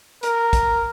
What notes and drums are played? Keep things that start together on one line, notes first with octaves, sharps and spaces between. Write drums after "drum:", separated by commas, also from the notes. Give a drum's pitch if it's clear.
A#4, drum: hi-hat
drum: kick, hi-hat